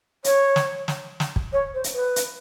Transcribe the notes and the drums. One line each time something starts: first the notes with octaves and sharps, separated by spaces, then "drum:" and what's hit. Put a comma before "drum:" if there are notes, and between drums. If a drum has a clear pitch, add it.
C#5, drum: hi-hat
drum: snare
drum: snare
drum: snare
drum: kick
C#5
C5
drum: hi-hat
B4
drum: hi-hat